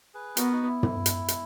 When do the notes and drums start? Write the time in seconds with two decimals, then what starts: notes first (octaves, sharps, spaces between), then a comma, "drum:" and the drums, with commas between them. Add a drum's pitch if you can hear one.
0.14 G#4 B4
0.37 B3 F#4 A#4, drum: hi-hat
0.53 D#4 F#4
0.68 E4
0.83 drum: tom
1.06 drum: hi-hat
1.28 drum: hi-hat